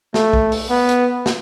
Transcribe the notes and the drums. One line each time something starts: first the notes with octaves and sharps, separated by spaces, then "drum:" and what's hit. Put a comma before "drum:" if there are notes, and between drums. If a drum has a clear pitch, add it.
A3, drum: snare
drum: kick
drum: open hi-hat
B3
drum: hi-hat
drum: snare